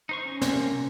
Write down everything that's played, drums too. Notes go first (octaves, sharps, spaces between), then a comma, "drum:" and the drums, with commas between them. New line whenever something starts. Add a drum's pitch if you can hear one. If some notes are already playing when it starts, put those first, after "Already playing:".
D#4 C5 C#6
C#4
C3 A#3, drum: snare